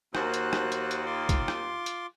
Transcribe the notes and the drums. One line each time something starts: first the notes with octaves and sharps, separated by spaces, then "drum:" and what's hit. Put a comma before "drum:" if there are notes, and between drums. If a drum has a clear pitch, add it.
D#2 F#4 C5 F#6, drum: rim click
drum: hi-hat
drum: rim click
drum: hi-hat
drum: hi-hat
F4 C6 D6
drum: kick, hi-hat
drum: rim click
drum: hi-hat